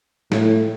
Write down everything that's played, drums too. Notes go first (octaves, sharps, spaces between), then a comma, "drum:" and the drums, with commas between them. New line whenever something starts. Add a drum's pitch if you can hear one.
A2, drum: snare